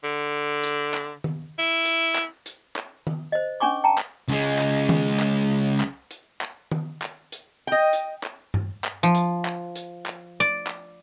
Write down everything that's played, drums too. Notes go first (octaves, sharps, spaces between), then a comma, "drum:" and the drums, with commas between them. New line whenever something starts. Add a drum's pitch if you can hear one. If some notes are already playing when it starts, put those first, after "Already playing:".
D3
drum: hi-hat
drum: clap
drum: tom D#3
E4
drum: hi-hat
drum: clap
drum: hi-hat
drum: clap
drum: tom D#3
C5 D#5
C#4 D4 G#5 C#6 D6
G5 A5 A#5
drum: clap
C#2 G#3, drum: hi-hat
drum: clap
drum: tom D#3
drum: clap
drum: clap
drum: hi-hat
drum: clap
drum: tom D#3
drum: clap
drum: hi-hat
D#5 G5
drum: hi-hat
drum: clap
drum: tom G2
drum: clap
F3
drum: hi-hat
drum: clap
drum: hi-hat
drum: clap
D5
drum: clap